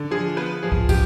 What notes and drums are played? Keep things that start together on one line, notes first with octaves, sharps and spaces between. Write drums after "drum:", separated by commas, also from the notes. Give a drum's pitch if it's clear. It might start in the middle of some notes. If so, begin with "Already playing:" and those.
Already playing: D3
F3 G#4
B3 B4
F3 G#4
drum: kick
G4, drum: kick, tambourine